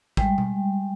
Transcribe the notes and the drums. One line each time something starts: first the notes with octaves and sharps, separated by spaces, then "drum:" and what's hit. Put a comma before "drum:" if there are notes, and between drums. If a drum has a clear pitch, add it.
G3 G#3 G5, drum: kick
drum: tom B2